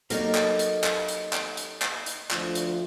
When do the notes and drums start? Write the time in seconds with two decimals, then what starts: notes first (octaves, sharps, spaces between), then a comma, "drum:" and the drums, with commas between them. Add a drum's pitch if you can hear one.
0.10 F#3 A#3 D#4 G4 A4 A#4 C#5, drum: hi-hat
0.35 drum: clap
0.59 drum: hi-hat
0.84 drum: clap
1.08 drum: hi-hat
1.33 drum: clap
1.57 drum: hi-hat
1.82 drum: clap
2.06 drum: hi-hat
2.31 D2 F3 F4, drum: clap
2.55 drum: hi-hat